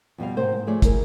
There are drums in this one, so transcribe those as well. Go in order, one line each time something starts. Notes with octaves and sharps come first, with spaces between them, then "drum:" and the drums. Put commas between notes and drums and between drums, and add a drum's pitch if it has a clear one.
F2 B2 G3 F5
G#2 C3 A#3 C5
G#2
F3 A3 G#4 D5
E4 G#4 A#4, drum: kick, hi-hat